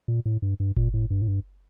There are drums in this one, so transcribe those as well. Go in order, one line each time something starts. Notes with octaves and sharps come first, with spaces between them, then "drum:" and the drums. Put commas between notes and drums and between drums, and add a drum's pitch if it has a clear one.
A#2
A2
G2
G2
A#2, drum: kick G1
A2
G2
A2
G2